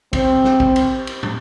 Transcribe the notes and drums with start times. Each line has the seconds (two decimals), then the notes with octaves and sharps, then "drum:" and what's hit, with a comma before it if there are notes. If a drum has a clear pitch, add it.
0.13 C4, drum: kick, cymbal
0.44 drum: snare
0.60 drum: kick
0.76 drum: cymbal
1.07 drum: cymbal
1.23 drum: tom